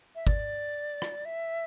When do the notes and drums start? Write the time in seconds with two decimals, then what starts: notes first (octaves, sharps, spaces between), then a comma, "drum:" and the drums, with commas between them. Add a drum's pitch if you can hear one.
0.15 E5
0.27 D5, drum: kick
1.02 drum: rim click
1.25 E5